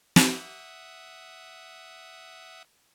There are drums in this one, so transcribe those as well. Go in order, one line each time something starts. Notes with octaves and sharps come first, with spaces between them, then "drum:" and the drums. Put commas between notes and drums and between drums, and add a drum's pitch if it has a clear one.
E5 F#5 D#6, drum: snare